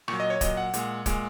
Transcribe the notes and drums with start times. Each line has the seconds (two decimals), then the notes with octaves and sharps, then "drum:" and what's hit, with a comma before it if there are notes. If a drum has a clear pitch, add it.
0.08 A#2 F#3 C#6, drum: rim click
0.20 D#5
0.30 C#5
0.41 A#2 F#3 D#5, drum: kick, hi-hat
0.57 F#5
0.74 A#2 G#3, drum: hi-hat
1.06 A#2 G#3, drum: kick, hi-hat